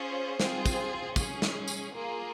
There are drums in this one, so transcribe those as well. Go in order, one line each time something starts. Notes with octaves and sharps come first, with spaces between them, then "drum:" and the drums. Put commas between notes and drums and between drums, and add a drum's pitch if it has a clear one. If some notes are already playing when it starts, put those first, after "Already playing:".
Already playing: C#4 F4 G#4 C5
C4 F4 G#4, drum: snare
drum: kick, tambourine
C#4 G#4, drum: kick, tambourine
drum: snare
drum: tambourine
A#3 F4 G#4